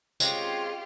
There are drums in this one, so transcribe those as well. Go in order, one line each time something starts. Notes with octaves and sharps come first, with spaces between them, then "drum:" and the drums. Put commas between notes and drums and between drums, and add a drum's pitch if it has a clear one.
G#3 C4 C#4 F4 G4, drum: tambourine